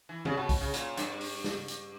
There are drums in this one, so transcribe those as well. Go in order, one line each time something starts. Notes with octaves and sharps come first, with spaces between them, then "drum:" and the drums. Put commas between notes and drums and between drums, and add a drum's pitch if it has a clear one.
E3
C#3, drum: tom
B2
drum: kick B1, open hi-hat
C#3
A#2, drum: hi-hat
G2, drum: hi-hat
drum: open hi-hat
drum: snare
drum: hi-hat